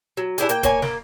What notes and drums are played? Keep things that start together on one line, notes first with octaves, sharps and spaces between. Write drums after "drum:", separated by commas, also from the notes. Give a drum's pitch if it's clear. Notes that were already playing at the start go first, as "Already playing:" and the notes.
F#3
D4 E4 G4 G#4, drum: hi-hat
A#3 G5, drum: hi-hat
A#3 C#5 G#5, drum: kick, hi-hat
A#3, drum: snare